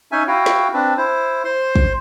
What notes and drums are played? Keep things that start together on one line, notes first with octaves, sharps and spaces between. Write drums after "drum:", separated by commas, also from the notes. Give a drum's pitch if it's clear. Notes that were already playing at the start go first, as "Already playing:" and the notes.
C#4 D#4 E5 G#5
E4 F#4 F5 G5
drum: snare
C4 D4 B4
E4 C5
C5 C6
drum: kick